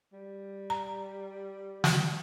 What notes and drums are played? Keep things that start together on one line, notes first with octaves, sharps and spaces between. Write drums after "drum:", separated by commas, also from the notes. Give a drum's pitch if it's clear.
G3
A#5
drum: snare